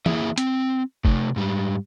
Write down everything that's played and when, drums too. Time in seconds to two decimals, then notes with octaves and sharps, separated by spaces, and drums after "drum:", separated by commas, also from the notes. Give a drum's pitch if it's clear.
0.06 E3 A#3 D4 E4 G#4 E5, drum: tom E3
0.38 C4, drum: hi-hat
1.05 C3 A3, drum: kick
1.36 G#2 G3